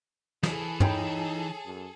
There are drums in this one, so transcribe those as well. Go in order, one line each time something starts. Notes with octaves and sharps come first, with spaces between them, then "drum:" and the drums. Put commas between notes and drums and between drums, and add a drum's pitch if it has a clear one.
E3 G#4 A4, drum: snare
D#4 C#5 G5 B5, drum: tom
F#2